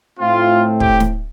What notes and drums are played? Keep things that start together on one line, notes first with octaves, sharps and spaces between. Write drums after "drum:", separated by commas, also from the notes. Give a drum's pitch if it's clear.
A2 A3 C4 F4
G4, drum: kick
drum: snare